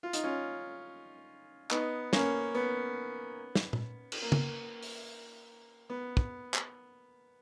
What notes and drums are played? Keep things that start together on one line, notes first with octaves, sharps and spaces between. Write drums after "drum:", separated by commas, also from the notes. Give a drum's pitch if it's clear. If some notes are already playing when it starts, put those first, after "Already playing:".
F4
D#4, drum: hi-hat
C#4 F4
B3 D#4, drum: clap
A#3 C#4, drum: snare
B3
drum: snare
drum: tom A#2
drum: cymbal
A#3
drum: tom
drum: open hi-hat
B3
drum: kick
drum: clap